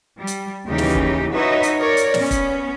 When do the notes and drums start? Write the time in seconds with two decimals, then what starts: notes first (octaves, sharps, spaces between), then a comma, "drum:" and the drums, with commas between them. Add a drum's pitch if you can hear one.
0.16 G3
0.27 drum: hi-hat
0.66 D#2 C#3 E3 D#4 G4
0.78 drum: snare
0.95 drum: kick
1.32 D#4 F#4 B4 C#5 D#5 E5
1.63 drum: hi-hat
1.78 A#4 C#5 D5
1.97 drum: hi-hat
2.14 B3 C#4, drum: snare
2.31 drum: kick, hi-hat